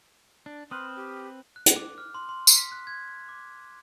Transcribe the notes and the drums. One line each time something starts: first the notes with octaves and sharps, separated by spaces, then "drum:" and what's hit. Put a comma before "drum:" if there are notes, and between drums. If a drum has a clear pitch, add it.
D4
C4 B4 C6 D#6 F6 F#6
G4
F#6
drum: hi-hat
D6
F6
C6
C6
drum: tambourine
B6
F#6
G#6
D6